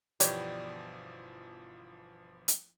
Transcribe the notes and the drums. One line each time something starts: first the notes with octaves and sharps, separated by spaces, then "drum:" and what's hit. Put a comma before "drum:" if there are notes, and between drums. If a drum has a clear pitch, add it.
G1 B2 E3 F3 G4 B4 C#5 D5, drum: hi-hat
drum: hi-hat